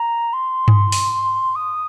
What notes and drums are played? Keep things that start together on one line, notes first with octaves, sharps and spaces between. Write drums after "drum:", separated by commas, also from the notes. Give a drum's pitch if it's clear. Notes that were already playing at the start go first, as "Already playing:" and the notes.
Already playing: A#5
C6
drum: tom G2
drum: open hi-hat
D#6